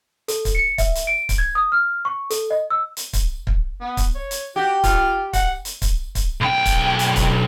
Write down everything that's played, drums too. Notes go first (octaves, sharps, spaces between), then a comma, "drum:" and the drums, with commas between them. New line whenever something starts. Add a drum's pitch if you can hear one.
A4, drum: hi-hat
drum: kick, hi-hat
C#7
E5, drum: kick, hi-hat
drum: hi-hat
D7
drum: kick, hi-hat
G#6
D#6
F6
C#6
A4, drum: hi-hat
D#5
E6
drum: hi-hat
drum: kick, hi-hat
drum: kick
B3
drum: kick, hi-hat
C#5
drum: hi-hat
F#4 G4
F4, drum: kick, hi-hat
F#5, drum: kick, hi-hat
drum: hi-hat
drum: kick, hi-hat
drum: kick, hi-hat
B1 G5
drum: kick, hi-hat
drum: hi-hat
drum: kick, hi-hat